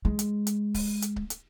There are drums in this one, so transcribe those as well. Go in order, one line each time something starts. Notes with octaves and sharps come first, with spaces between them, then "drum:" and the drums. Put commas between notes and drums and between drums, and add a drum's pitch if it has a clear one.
G#3
drum: hi-hat
drum: hi-hat
drum: kick C#1, open hi-hat
drum: hi-hat
drum: kick C#1
drum: hi-hat